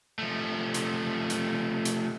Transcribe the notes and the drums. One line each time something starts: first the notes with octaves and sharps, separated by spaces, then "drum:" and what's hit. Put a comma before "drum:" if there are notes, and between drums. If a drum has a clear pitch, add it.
F3 A3
drum: hi-hat
drum: hi-hat
drum: hi-hat